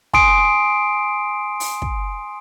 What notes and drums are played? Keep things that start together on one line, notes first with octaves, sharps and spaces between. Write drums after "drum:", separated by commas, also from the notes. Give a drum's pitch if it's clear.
G#5 C6 D#6 C7 D7, drum: kick
drum: open hi-hat
drum: kick